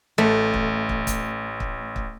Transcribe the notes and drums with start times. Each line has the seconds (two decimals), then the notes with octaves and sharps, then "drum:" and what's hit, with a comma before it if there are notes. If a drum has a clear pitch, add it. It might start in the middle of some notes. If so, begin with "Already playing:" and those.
0.18 A1 A3
0.54 drum: kick
0.89 drum: kick
1.07 drum: kick, hi-hat
1.60 drum: kick
1.96 drum: kick